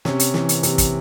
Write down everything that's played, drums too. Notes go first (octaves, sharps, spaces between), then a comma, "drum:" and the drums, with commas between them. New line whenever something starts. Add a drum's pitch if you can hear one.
C3 C#4, drum: snare
drum: hi-hat
E3, drum: snare
drum: hi-hat
C3, drum: hi-hat
drum: kick, hi-hat